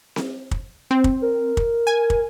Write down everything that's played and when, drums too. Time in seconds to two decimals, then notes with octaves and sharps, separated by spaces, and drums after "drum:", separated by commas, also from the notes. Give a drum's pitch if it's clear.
0.16 drum: snare C4
0.51 drum: kick
0.91 C4
1.04 drum: kick
1.22 A#4
1.57 drum: kick
1.87 G#5
2.10 drum: kick